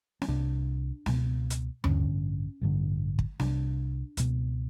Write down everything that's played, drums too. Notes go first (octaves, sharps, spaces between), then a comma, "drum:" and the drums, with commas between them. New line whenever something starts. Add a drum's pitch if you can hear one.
C#4, drum: snare
C2 C3 D4
C#2 B2, drum: snare
drum: hi-hat
A1 G2 D3 C#4, drum: tom D#2
A1 G2 D3
drum: kick
C2 C3 D4, drum: snare
C#2 B2, drum: hi-hat